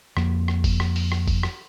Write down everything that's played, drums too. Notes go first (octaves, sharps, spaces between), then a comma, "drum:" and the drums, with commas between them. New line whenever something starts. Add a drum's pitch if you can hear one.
F2 A#3, drum: rim click
drum: rim click
drum: kick F#1, open hi-hat
drum: rim click
drum: open hi-hat
drum: rim click
drum: kick F#1, open hi-hat
drum: rim click